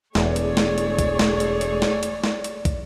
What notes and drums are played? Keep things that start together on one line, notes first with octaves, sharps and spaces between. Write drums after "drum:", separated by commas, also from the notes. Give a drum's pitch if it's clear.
E1 E2 A3 G#4 C#5 D5, drum: snare
drum: hi-hat
drum: snare
drum: hi-hat
drum: kick, hi-hat
drum: snare
drum: hi-hat
drum: hi-hat
drum: snare
drum: hi-hat
drum: snare
drum: hi-hat
drum: kick, hi-hat